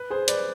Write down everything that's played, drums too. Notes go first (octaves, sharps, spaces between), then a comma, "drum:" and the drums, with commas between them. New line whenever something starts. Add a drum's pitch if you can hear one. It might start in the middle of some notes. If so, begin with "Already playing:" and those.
Already playing: B4
G#4 C5
B4 D5, drum: hi-hat